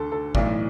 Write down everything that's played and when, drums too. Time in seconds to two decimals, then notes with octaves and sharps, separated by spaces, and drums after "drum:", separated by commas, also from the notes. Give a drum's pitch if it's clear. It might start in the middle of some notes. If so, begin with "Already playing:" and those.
Already playing: D2 D3 A4
0.12 A4
0.35 B1 A2 E3 D5, drum: kick